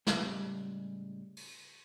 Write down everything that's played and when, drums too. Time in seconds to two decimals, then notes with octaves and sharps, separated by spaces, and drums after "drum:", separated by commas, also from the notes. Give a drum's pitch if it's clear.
0.07 A2 C#3 G3 G#3, drum: snare
1.37 drum: open hi-hat